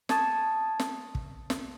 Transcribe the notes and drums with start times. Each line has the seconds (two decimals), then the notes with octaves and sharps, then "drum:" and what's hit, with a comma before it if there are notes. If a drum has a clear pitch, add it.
0.09 A5 C#6 D#6 G#6 A6 E7, drum: snare
0.80 drum: snare
1.15 drum: kick
1.50 drum: snare